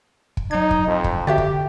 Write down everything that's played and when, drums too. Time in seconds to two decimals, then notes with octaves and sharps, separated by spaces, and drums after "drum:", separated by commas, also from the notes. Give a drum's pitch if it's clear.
0.37 drum: kick
0.51 F#3 D#4 G#6
0.71 drum: kick
0.87 F2
1.04 drum: kick
1.27 D3 F#4 G4 E5
1.38 drum: kick